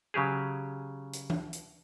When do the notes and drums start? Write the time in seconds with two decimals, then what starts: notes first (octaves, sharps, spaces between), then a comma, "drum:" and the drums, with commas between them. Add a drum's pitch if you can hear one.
0.14 C#3 F#3 G4 G#4
1.13 drum: hi-hat
1.30 drum: tom E3
1.53 drum: hi-hat